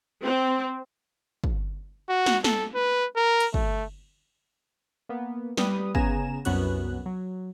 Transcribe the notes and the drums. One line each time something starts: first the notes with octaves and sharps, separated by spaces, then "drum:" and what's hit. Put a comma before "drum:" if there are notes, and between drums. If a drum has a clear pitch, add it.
C4
drum: kick
F#4
drum: snare
A4, drum: snare
B4
A#4
drum: cymbal
A3, drum: kick
A#3 B3
G3 B4 D#6, drum: snare
C#3 B3 G#5 A#5 E7, drum: kick
C2 F#2 B3 C#4 F#4 F#6, drum: cymbal
F#3